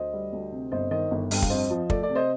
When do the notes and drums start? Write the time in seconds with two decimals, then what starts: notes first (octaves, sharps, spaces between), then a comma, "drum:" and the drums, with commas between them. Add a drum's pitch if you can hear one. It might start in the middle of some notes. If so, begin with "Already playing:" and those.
Already playing: D2 C5 D#5
0.13 G3
0.33 D2
0.52 C3
0.72 G1 C5 D#5
0.91 D#3 C5 D#5
1.11 G1
1.31 G2 G5, drum: open hi-hat
1.42 F5, drum: kick
1.50 F2 C5 D#5
1.70 F3
1.90 A3 D5, drum: kick
2.03 D5
2.09 C3
2.15 C5 D#5